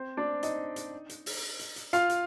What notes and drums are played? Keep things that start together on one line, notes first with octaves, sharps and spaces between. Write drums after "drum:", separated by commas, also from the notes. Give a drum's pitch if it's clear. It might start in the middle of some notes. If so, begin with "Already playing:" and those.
Already playing: C4 C5
D4 D5
D#4 D#5, drum: hi-hat
drum: hi-hat
drum: hi-hat
drum: open hi-hat
drum: hi-hat
drum: hi-hat
F4 F5, drum: hi-hat
drum: hi-hat